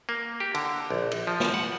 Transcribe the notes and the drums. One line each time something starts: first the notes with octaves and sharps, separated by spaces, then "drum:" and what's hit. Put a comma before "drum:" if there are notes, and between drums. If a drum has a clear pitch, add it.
A#3
G4
D3, drum: cymbal
A#1
drum: cymbal
F3
drum: snare
F#5